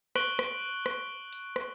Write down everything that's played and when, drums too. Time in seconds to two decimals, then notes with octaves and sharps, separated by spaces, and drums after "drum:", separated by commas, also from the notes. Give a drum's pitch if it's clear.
0.16 C#6 F#6 D7 F#7 G7, drum: rim click
0.39 drum: rim click
0.86 drum: rim click
1.33 drum: hi-hat
1.56 drum: rim click